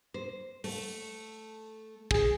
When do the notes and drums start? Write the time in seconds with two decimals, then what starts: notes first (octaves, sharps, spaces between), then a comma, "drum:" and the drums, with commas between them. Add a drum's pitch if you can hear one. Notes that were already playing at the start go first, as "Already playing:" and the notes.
0.14 C5
0.64 A3, drum: open hi-hat
2.11 G#4, drum: kick